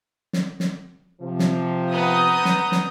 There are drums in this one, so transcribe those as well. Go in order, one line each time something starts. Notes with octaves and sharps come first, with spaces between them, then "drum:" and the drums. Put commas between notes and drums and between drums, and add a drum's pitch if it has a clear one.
drum: snare
drum: snare
C3 F3
drum: snare
B3 A#5 D#6 G6
drum: snare
drum: snare